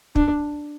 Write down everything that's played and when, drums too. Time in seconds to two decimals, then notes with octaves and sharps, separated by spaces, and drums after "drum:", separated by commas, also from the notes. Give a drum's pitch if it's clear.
0.16 D4, drum: kick